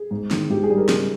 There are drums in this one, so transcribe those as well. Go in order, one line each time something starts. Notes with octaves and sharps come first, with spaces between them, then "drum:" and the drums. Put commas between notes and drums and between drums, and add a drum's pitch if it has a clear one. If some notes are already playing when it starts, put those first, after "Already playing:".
Already playing: G#4
G#2
D#3, drum: snare
G#2 G4
G#4
G3
A#4
C#3, drum: snare